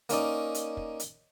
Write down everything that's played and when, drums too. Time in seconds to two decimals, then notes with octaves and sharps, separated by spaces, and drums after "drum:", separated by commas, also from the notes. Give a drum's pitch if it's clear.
0.09 A#3 C#4 D#4 D5, drum: hi-hat
0.55 drum: hi-hat
0.77 drum: kick
1.00 drum: hi-hat